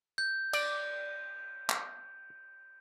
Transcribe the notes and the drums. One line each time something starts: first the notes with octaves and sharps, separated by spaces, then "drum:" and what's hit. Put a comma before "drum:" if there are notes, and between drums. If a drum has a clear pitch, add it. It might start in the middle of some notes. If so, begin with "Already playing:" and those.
G6
D5, drum: cymbal
drum: clap